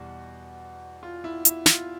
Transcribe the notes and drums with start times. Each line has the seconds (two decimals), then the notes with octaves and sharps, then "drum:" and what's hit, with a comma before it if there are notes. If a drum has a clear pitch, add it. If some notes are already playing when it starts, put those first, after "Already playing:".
Already playing: E2 B2 G3 F#4
1.03 F4
1.24 E4
1.45 E4, drum: hi-hat
1.66 F4, drum: snare